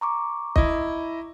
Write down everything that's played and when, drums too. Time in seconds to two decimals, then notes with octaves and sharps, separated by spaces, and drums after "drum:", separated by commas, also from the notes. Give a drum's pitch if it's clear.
0.01 A#5 C#6 D6
0.56 E4 D#5, drum: kick